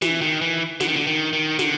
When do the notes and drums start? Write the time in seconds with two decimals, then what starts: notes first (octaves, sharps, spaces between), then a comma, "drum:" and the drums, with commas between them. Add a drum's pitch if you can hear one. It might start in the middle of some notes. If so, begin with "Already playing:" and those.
0.02 E3, drum: snare
0.21 D#3
0.41 E3
0.80 D3, drum: snare
0.88 D#3
0.96 D3
1.07 D#3
1.33 D#3
1.59 D3, drum: snare